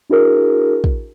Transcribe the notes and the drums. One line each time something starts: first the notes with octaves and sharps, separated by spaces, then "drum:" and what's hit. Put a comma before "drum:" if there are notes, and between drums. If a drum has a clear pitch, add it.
D4 E4 F#4 G#4 A#4
drum: kick